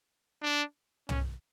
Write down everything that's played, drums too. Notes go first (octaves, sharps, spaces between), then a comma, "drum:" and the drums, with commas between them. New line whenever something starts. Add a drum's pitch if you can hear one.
D4
C#4, drum: tom